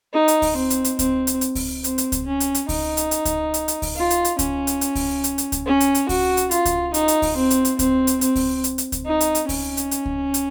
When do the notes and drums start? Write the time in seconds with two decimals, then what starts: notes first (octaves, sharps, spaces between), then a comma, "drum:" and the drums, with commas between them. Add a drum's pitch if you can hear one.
0.13 D#4
0.28 drum: hi-hat
0.42 drum: kick C#2, open hi-hat
0.56 C4
0.70 drum: hi-hat
0.84 drum: hi-hat
0.99 C4, drum: kick C#2, hi-hat
1.27 drum: hi-hat
1.41 drum: hi-hat
1.55 drum: kick C#2, open hi-hat
1.84 C4, drum: hi-hat
1.98 drum: hi-hat
2.12 drum: kick C#2, hi-hat
2.26 C#4
2.40 drum: hi-hat
2.55 drum: hi-hat
2.69 D#4, drum: kick C#2, open hi-hat
2.97 drum: hi-hat
3.11 drum: hi-hat
3.25 drum: kick C#2, hi-hat
3.54 drum: hi-hat
3.68 drum: hi-hat
3.82 drum: kick C#2, open hi-hat
3.96 F4
4.10 drum: hi-hat
4.25 drum: hi-hat
4.39 C#4, drum: kick C#2, hi-hat
4.67 drum: hi-hat
4.81 drum: hi-hat
4.95 drum: kick C#2, open hi-hat
5.24 drum: hi-hat
5.38 drum: hi-hat
5.52 drum: kick C#2, hi-hat
5.66 C#4
5.80 drum: hi-hat
5.95 drum: hi-hat
6.09 F#4, drum: kick C#2, open hi-hat
6.37 drum: hi-hat
6.51 F4, drum: hi-hat
6.65 drum: kick C#2, hi-hat
6.94 D#4, drum: hi-hat
7.08 drum: hi-hat
7.22 drum: kick C#2, open hi-hat
7.37 C4
7.50 drum: hi-hat
7.65 drum: hi-hat
7.79 C4, drum: kick C#2, hi-hat
8.07 drum: hi-hat
8.21 C4, drum: hi-hat
8.35 drum: kick C#2, open hi-hat
8.64 drum: hi-hat
8.78 drum: hi-hat
8.92 drum: kick C#2, hi-hat
9.06 D#4
9.21 drum: hi-hat
9.35 drum: hi-hat
9.49 C#4, drum: kick C#2, open hi-hat
9.77 drum: hi-hat
9.91 drum: hi-hat
10.06 drum: kick C#2
10.34 drum: hi-hat